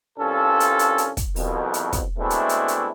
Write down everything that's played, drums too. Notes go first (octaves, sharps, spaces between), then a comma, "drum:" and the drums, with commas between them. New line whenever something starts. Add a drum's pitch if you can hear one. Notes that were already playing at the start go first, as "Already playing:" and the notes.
C2 G2 C#4 F4 A4
drum: hi-hat
drum: hi-hat
drum: hi-hat
drum: kick, hi-hat
C2 F2 B2, drum: open hi-hat
drum: hi-hat
drum: kick, hi-hat
B2 G#3 A3 C4 D4 E4
drum: hi-hat
drum: hi-hat
drum: hi-hat